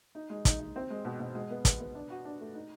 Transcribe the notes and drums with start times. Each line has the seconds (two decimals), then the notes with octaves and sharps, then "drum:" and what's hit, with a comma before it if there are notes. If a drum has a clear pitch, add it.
0.15 D#4
0.30 G#3
0.45 D#4, drum: kick, hi-hat
0.60 D#4
0.76 C4
0.90 G#3
1.05 B2
1.20 B2
1.35 G#3
1.50 B3
1.65 B3, drum: kick, hi-hat
1.80 B3
1.95 D4
2.10 F#4
2.25 D4
2.40 A3
2.54 D#4